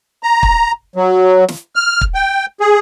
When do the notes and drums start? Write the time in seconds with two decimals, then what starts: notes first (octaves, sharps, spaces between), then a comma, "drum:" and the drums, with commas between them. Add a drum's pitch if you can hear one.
0.23 A#5
0.43 drum: kick
0.96 F#3
1.48 drum: snare
1.76 F6
2.01 drum: kick
2.15 G5
2.60 G#4